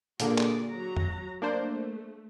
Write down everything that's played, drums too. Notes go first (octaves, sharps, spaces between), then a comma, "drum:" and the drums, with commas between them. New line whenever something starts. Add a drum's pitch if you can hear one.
A#2 D3 A#3 F#4 G#4 D5, drum: hi-hat
drum: clap
F#3 F#4 A#5
drum: tom F2
A3 A#3 D4 C5